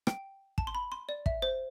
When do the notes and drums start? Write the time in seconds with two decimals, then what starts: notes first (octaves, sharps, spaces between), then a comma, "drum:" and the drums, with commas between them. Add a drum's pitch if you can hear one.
0.07 G5, drum: rim click
0.58 A5, drum: kick
0.67 C6
0.75 B5
0.92 C6
1.09 D5
1.26 E5, drum: kick
1.42 C5